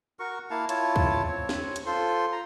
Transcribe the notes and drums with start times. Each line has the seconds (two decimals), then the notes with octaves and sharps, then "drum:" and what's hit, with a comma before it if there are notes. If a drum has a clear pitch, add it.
0.19 F#4 A#4 C#6
0.50 A#3 E4 F5 A5
0.69 E4 F4 C#5 A5, drum: hi-hat
0.96 drum: kick C#2
1.26 C4 C#5
1.49 drum: snare
1.76 drum: hi-hat
1.86 F4 A4 C5 C6
2.32 A#5